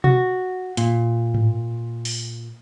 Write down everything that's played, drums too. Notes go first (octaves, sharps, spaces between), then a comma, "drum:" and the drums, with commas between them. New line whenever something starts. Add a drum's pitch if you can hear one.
F#4, drum: tom B2
A#2, drum: hi-hat
drum: tom G#2
drum: open hi-hat